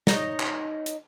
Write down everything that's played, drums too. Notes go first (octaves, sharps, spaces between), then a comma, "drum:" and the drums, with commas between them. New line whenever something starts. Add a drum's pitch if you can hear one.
D#4 C#5 D#5, drum: snare
drum: clap
drum: hi-hat